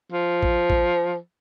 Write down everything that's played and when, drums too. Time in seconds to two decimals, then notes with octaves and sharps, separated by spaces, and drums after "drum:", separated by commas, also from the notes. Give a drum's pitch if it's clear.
0.12 F3
0.43 drum: kick
0.70 drum: kick